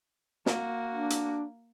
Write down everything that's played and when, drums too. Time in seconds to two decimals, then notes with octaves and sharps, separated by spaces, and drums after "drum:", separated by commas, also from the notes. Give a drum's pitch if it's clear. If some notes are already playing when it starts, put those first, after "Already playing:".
0.46 A#3 F#4, drum: snare
0.93 D4
1.10 drum: hi-hat